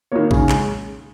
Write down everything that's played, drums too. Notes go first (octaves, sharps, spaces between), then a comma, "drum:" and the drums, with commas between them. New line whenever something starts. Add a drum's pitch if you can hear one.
D#3 A#3 C#5
C#3, drum: kick A1
G#3, drum: clap